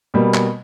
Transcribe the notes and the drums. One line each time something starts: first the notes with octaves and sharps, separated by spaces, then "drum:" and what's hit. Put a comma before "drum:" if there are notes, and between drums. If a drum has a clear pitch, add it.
B2 G3 A#3
drum: clap